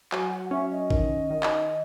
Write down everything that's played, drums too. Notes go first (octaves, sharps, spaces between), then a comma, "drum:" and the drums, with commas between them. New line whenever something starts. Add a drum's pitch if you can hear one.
F#3 G#5, drum: clap
F#5
C#4 E5
D#5
D#3, drum: kick G#1
D#3
drum: clap